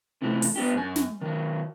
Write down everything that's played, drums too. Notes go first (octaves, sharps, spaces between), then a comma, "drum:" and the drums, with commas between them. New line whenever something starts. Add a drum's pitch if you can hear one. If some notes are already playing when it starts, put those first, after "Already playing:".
C3 E3 A3
drum: open hi-hat
B3 D4 G4
F#2 G#5
drum: snare
D#3 F#3